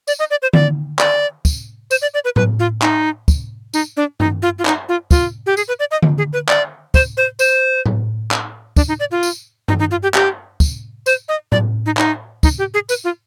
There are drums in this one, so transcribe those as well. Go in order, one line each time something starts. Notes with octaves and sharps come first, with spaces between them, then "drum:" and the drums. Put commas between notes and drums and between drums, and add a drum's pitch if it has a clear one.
D5, drum: tambourine
D#5
D5
C5
D5, drum: tom D3
D5, drum: clap
drum: kick, tambourine
C5, drum: tambourine
D5
D5
B4
B4, drum: tom A2
F4
D#4, drum: clap
drum: kick, tambourine
D#4, drum: tambourine
D4
D#4, drum: tom G2
F4
F4
D#4, drum: clap
F4
F4, drum: kick, tambourine
G4
G#4, drum: tambourine
B4
D5
D#5
drum: tom D3
G#4
B4
D5, drum: clap
C5, drum: kick, tambourine
C5
C5, drum: tambourine
drum: tom A2
drum: clap
D4, drum: kick, tambourine
D#4
D5
F4
drum: tambourine
D#4, drum: tom G2
D#4
F4
G4
G4, drum: clap
drum: kick, tambourine
C5, drum: tambourine
D#5
D5, drum: tom A2
D#4
D#4, drum: clap
D#4, drum: kick, tambourine
G4
G#4
B4, drum: tambourine
F4